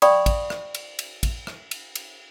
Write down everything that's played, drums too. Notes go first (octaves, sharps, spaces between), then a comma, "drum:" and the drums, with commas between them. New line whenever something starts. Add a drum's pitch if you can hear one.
D5 F5 G5 B5 C#6 D#6, drum: cymbal
drum: kick, cymbal
drum: rim click
drum: cymbal
drum: cymbal
drum: kick, cymbal
drum: rim click
drum: cymbal
drum: cymbal